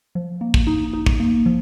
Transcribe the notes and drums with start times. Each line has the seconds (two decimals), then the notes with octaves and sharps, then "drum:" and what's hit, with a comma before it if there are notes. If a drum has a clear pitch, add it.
0.15 F3
0.41 A#3
0.54 drum: kick
0.67 D#4
0.93 D#4
1.06 drum: kick
1.20 A#3
1.46 F3